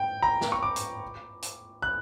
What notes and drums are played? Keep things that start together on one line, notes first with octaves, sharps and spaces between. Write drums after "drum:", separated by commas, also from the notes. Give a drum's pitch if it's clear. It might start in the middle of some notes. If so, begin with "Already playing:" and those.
Already playing: G5
A#5
drum: snare
C#6
D6
drum: hi-hat
drum: hi-hat
F#6